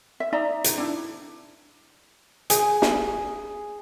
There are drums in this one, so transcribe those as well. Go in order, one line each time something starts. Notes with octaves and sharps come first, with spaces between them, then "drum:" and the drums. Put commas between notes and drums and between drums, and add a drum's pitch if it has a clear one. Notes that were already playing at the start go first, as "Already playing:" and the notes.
E5
D#4 D5 E5 A#5
drum: hi-hat
D4 E4
G#4, drum: hi-hat
drum: snare